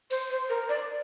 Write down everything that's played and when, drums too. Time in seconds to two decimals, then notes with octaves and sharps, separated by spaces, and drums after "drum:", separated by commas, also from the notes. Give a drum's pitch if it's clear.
0.11 C5, drum: tambourine
0.30 C5
0.49 A#4
0.69 D5